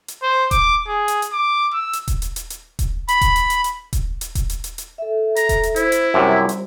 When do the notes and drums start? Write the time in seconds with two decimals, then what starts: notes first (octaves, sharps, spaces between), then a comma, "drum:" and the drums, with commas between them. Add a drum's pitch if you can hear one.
0.08 drum: hi-hat
0.22 C5
0.51 D6, drum: kick D#1, hi-hat
0.87 G#4
1.08 drum: hi-hat
1.22 drum: hi-hat
1.32 D6
1.74 E6
1.93 drum: hi-hat
2.08 drum: kick D#1, hi-hat
2.22 drum: hi-hat
2.36 drum: hi-hat
2.50 drum: hi-hat
2.79 drum: kick D#1, hi-hat
3.08 B5, drum: hi-hat
3.21 drum: kick D#1, hi-hat
3.36 drum: hi-hat
3.50 drum: hi-hat
3.64 drum: hi-hat
3.93 drum: kick D#1, hi-hat
4.21 drum: hi-hat
4.35 drum: kick D#1, hi-hat
4.50 drum: hi-hat
4.64 drum: hi-hat
4.78 drum: hi-hat
4.98 A4 E5
5.36 A#5, drum: hi-hat
5.49 drum: kick D#1, hi-hat
5.63 drum: hi-hat
5.76 E4 C5, drum: hi-hat
5.92 drum: hi-hat
6.14 F#2 C3 G3 F4 C5
6.49 drum: hi-hat